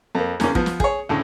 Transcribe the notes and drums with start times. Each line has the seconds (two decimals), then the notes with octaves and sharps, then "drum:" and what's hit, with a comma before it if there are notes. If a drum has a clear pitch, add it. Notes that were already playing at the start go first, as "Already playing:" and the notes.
0.15 F2 A#3
0.40 E2 C#3 A#3 C#4, drum: snare
0.55 F3 B3, drum: kick
0.66 drum: snare
0.80 G#4 C#5, drum: kick
1.09 D2 A2 C#3